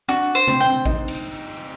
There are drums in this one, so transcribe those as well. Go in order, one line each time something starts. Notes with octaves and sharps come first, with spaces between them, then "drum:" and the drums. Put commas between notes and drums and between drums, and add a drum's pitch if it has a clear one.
D4 F#4
C5
C4, drum: tom C3
C4 G5
D#4, drum: kick G#1
drum: cymbal